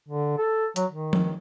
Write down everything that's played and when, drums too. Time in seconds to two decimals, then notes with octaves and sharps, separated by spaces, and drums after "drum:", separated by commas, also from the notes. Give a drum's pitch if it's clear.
0.08 D3
0.38 A4
0.76 F#3, drum: hi-hat
0.91 D#3
1.13 drum: tom F3